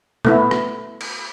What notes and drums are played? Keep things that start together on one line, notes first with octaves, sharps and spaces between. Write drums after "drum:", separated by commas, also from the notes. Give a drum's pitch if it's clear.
A3 B3 E4, drum: tom
drum: rim click
drum: cymbal